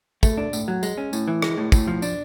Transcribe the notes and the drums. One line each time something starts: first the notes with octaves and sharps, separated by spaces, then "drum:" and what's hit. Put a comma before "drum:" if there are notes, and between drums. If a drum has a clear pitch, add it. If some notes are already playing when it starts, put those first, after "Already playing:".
A3, drum: kick, tambourine
D4
A2, drum: tambourine
F#3
G#3, drum: tambourine
C#4
A2, drum: tambourine
E3
G#3, drum: rim click
A2
A2, drum: kick, tambourine
F3
D4, drum: tambourine